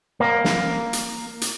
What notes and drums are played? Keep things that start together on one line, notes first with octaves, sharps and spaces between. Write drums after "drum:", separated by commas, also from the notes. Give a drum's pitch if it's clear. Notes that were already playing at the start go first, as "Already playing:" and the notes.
A#3
drum: snare
drum: hi-hat
drum: hi-hat